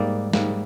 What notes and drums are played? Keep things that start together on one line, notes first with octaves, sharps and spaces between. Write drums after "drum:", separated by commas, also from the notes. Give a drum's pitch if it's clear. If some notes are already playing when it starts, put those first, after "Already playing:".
Already playing: G#2 G3 A#3 D5
G#2 G3 A#3, drum: snare